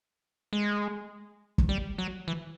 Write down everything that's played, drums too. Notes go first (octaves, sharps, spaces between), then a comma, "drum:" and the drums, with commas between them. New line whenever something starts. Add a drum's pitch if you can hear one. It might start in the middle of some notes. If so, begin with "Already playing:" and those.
G#3
drum: kick
G3
F#3
E3